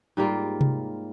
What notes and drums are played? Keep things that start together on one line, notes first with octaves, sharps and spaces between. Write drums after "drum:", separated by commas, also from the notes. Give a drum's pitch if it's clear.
G#2 G3 A#3 F4
drum: tom C3